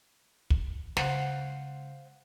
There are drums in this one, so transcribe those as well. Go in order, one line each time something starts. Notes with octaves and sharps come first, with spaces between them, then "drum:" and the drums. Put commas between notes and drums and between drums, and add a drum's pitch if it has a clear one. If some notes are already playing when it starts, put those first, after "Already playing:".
drum: kick
C#3 G#3 C5 F5 F#5, drum: snare